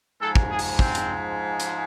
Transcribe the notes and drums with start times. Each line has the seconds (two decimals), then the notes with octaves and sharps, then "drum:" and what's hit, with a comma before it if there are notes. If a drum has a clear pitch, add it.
0.21 G#2 F3 G#3 A4
0.35 drum: kick
0.50 G#4
0.59 drum: open hi-hat
0.79 C4, drum: kick
0.95 drum: hi-hat
1.60 drum: hi-hat